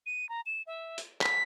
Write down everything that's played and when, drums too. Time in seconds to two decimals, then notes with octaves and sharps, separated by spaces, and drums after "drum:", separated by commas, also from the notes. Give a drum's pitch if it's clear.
0.06 D#7
0.29 A#5
0.46 E7
0.67 E5
0.98 drum: hi-hat
1.21 B6, drum: clap